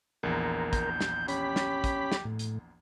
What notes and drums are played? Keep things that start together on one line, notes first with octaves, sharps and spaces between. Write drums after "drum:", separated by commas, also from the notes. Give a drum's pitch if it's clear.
A#1 E2 A#4
G6, drum: kick, hi-hat
drum: snare
C#4 G4 B5, drum: hi-hat
drum: snare
drum: kick, hi-hat
drum: snare
A2
drum: hi-hat